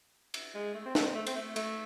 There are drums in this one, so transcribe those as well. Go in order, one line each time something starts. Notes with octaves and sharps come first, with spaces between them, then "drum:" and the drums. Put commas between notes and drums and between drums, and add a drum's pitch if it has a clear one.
drum: cymbal
G#3
A3
C4
A3, drum: snare
C4
A3
C4, drum: cymbal
A3
A3, drum: cymbal